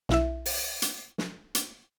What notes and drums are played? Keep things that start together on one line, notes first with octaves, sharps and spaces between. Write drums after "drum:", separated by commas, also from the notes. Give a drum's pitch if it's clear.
B1 E4 E5, drum: snare
drum: open hi-hat
drum: hi-hat
drum: snare
drum: hi-hat